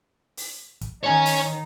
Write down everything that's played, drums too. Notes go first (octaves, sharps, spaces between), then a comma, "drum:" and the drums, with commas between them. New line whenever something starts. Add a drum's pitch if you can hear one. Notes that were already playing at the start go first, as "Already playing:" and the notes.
drum: open hi-hat
drum: kick, hi-hat
D#3 D#4 C#5 G#5
drum: open hi-hat